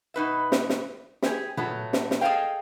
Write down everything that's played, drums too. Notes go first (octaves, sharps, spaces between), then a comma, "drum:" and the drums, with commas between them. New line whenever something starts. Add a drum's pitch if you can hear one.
B2 D#4 B4 E5
drum: snare
drum: snare
G4 G#4, drum: snare
F#3 A3 B3, drum: tom A#2
drum: snare
drum: snare
G#4 A4 D5 D#5 F5 G5